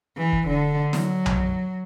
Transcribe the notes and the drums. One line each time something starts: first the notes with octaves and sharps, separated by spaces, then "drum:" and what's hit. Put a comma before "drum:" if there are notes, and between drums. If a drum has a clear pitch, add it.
E3
drum: kick
D3
F#3, drum: snare
drum: tom B1